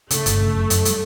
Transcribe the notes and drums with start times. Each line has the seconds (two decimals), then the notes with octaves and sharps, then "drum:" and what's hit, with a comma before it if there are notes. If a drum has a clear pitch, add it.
0.10 C#3 A3, drum: hi-hat
0.26 G1, drum: hi-hat
0.40 C#3
0.56 F#2
0.70 F#2, drum: hi-hat
0.85 G3, drum: hi-hat